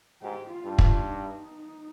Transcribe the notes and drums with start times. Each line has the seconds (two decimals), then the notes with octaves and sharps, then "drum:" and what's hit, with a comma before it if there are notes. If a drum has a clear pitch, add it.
0.22 G#2 G4
0.50 F4
0.64 G2
0.79 F4, drum: kick
1.07 D#4